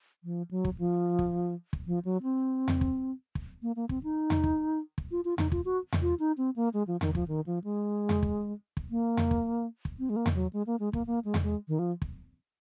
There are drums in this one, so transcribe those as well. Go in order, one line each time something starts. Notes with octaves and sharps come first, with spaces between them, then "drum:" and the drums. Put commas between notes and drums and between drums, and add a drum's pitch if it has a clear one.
F3
F#3
drum: kick
F3
drum: kick
drum: kick
F3
F#3
C4
drum: tom E2
drum: kick
drum: kick
A#3
A#3
C4, drum: kick
D#4
drum: tom E2
drum: kick
drum: kick
F4
F4
D#4, drum: tom E2
F4, drum: kick
F#4
drum: tom E2
F4
D#4
C4
A#3
G#3
F3
D#3, drum: tom E2
F3, drum: kick
D#3
F3
G#3
drum: tom E2
drum: kick
drum: kick
A#3
drum: tom E2
drum: kick
drum: kick
C4
G#3
A#3
drum: tom E2
F#3
G#3
A#3
G#3
A#3, drum: kick
A#3
G#3
drum: tom E2
G#3
D#3
F3
drum: kick